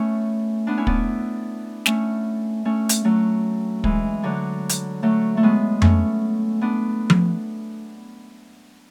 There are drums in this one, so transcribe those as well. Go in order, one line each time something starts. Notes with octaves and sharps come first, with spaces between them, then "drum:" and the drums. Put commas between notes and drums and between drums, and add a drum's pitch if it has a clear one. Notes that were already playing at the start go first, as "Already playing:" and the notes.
Already playing: A3 B3 C#4
B3 D4
C#4 E4
B3 D4, drum: kick
A3 C#4, drum: snare
A3 C#4
drum: hi-hat
F#3 A3
E3 G#3, drum: kick
D3 F#3
drum: hi-hat
F#3 A3
A3
G#3 B3
A3 C#4, drum: tom F2
B3 D4
drum: tom F3